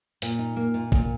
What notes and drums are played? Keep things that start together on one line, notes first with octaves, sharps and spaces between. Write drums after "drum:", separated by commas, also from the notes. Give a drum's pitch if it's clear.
A#2, drum: hi-hat
D#4
A#3
A#2
A#2, drum: kick